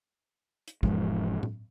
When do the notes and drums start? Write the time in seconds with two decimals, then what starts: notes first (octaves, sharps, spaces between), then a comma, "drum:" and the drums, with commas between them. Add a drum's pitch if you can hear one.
0.68 drum: hi-hat
0.83 E1 E2 G#2 F3, drum: kick
1.43 drum: tom A2